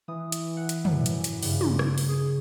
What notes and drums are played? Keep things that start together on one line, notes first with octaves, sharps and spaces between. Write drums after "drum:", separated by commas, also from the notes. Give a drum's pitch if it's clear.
E3 D#6
drum: hi-hat
F#5
drum: hi-hat
F#2, drum: tom
drum: hi-hat
drum: hi-hat
G2 C#3, drum: open hi-hat
drum: tom
drum: rim click
drum: open hi-hat
G#4